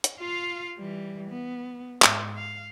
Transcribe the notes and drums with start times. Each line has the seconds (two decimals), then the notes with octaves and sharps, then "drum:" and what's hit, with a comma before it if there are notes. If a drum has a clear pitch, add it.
0.04 drum: hi-hat
0.20 F4 F5
0.77 E3 G3
1.30 B3
2.02 G#2, drum: clap
2.37 F5